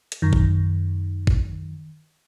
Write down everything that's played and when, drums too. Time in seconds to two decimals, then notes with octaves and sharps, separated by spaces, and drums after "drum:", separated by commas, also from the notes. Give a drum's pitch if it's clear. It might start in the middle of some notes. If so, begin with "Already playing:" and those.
0.12 drum: hi-hat
0.22 F#2 D#3
0.33 drum: kick
1.27 drum: kick